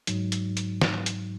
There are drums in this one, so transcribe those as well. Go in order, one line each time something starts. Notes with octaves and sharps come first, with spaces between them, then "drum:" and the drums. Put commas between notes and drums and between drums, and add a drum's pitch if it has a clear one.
G#2 F#3 D#4, drum: hi-hat
drum: hi-hat
drum: hi-hat
drum: snare
drum: hi-hat